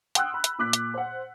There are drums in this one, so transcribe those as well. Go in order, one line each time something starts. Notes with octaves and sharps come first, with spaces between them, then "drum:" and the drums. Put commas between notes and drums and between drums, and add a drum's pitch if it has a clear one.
F#5 G5 C6 D#6 E6 F#6, drum: hi-hat
B5
drum: hi-hat
A#2 D6 F#6 B6
drum: hi-hat
C5 F#5